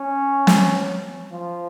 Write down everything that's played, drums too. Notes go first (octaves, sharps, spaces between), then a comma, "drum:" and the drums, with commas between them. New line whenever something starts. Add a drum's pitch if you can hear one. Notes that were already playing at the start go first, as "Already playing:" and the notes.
Already playing: C#4
drum: snare
F3